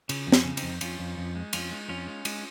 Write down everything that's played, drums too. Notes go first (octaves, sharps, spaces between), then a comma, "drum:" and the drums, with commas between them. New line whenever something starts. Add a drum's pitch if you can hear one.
C#3, drum: cymbal
F2
C#4, drum: snare
C#3
C4 D#4, drum: cymbal
F2
F2 C#4 F4, drum: cymbal
F2
F2
G#3
F2 C#4 F4, drum: cymbal
G#3
F2 C#4 F4
G#3
G#3, drum: cymbal